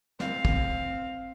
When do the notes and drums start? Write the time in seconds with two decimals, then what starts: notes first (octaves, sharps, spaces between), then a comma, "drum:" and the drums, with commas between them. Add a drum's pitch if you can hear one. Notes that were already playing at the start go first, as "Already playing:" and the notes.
0.20 C4 F5, drum: snare
0.45 drum: kick